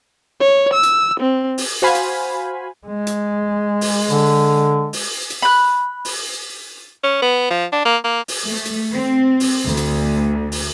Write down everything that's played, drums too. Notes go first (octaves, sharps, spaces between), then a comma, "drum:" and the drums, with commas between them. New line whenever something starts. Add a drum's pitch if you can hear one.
C#5
E6
drum: hi-hat
C4
drum: open hi-hat
F#4 C5 F5 G#5 B5
drum: hi-hat
G#3
drum: hi-hat
drum: open hi-hat
D3
drum: open hi-hat
drum: hi-hat
B5 F#6
drum: open hi-hat
C#4
B3
F3
D4
A#3
A#3
drum: open hi-hat
A3
drum: hi-hat
C4
drum: open hi-hat
D2
drum: hi-hat
drum: open hi-hat